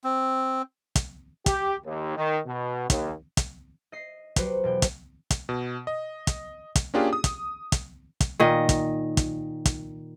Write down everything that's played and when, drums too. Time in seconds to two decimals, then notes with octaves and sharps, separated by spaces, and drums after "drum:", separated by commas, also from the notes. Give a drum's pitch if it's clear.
0.04 C4
0.96 drum: kick, hi-hat
1.46 G4, drum: kick, hi-hat
1.85 D#2
2.16 D#3
2.46 B2
2.90 D#2, drum: kick, hi-hat
3.37 drum: kick, hi-hat
3.92 D#5 C7
4.36 F#3 F#4 G4 B4 C5, drum: kick, hi-hat
4.63 E1 B2 G5
4.82 drum: kick, hi-hat
5.31 drum: kick, hi-hat
5.49 B2
5.87 D#5
6.27 drum: kick, hi-hat
6.76 drum: kick, hi-hat
6.94 A#3 C#4 D4 F4 G4 G#4
7.13 D#6
7.24 drum: kick, hi-hat
7.72 drum: kick, hi-hat
8.20 drum: kick, hi-hat
8.40 A#2 D#3 D#5
8.69 drum: kick, hi-hat
9.17 drum: kick, hi-hat
9.65 drum: kick, hi-hat